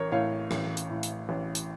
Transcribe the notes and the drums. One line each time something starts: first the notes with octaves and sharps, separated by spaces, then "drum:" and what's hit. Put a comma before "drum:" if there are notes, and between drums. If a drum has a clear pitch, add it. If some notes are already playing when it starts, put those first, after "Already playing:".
Already playing: A1 A#4 C#5
A2 C#5 F5
A1, drum: rim click
drum: hi-hat
A2
drum: hi-hat
A1
drum: hi-hat